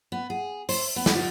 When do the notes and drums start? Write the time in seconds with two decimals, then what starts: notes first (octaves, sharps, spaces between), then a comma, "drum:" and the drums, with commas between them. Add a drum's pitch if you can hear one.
0.12 B3
0.30 G#4
0.69 C5, drum: open hi-hat
0.96 B3
1.06 drum: snare
1.15 F4